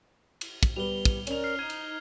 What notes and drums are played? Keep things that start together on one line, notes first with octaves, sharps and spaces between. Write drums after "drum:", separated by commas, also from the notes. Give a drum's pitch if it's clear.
drum: cymbal
drum: kick, cymbal
G3 B3 B4 F7 G7
drum: kick, cymbal
C#4 A#4 D5 F7, drum: cymbal
F6 C7
D#4 G#6 D#7
drum: cymbal